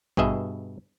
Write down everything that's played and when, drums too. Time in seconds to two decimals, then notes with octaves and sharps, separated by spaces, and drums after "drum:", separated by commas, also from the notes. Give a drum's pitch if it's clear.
0.17 G2 B2 G#4 D#5 E5, drum: kick G#1